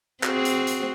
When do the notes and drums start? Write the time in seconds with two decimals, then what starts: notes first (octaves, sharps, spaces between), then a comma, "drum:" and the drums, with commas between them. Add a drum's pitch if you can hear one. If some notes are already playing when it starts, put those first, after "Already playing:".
0.23 C4 F#4 G#4, drum: clap
0.45 drum: hi-hat
0.67 drum: hi-hat